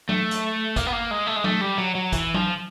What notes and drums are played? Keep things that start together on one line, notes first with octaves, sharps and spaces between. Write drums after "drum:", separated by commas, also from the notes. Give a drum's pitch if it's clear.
A3, drum: tom F#3
drum: hi-hat
A#3, drum: kick G#1, hi-hat
B3
A#3
G#3
A3
G#3
A3, drum: tom F#3
G3
F#3
F#3
E3, drum: kick G#1, hi-hat
F3, drum: tom F#3